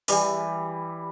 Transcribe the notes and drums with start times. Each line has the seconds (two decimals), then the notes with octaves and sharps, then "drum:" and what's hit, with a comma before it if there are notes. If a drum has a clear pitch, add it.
0.08 E3 G3, drum: open hi-hat